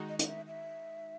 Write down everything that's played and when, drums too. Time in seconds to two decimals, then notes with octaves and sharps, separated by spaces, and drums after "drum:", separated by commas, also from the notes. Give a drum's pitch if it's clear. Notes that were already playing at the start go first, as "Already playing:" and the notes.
Already playing: D#3 G#3 D#4 F#4
0.09 D#5
0.19 D#5, drum: hi-hat
0.28 E5
0.47 E5